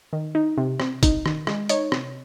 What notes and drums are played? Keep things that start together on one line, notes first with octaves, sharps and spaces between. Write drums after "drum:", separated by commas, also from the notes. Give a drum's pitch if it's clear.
D#3
D#4
C3
C3, drum: rim click
D#4, drum: kick, hi-hat
D#3, drum: rim click
G#3, drum: rim click
D#4 C#5, drum: hi-hat
C3, drum: rim click